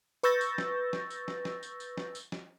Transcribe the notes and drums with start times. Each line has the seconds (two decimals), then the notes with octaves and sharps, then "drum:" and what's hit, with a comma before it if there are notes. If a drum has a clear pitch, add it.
0.23 B4 C#6 E6 G6 A6 A#6, drum: tambourine
0.41 drum: tambourine
0.58 drum: snare
0.93 drum: snare
1.10 drum: tambourine
1.28 drum: snare
1.45 drum: snare
1.63 drum: tambourine
1.80 drum: tambourine
1.97 drum: snare
2.15 drum: tambourine
2.32 drum: snare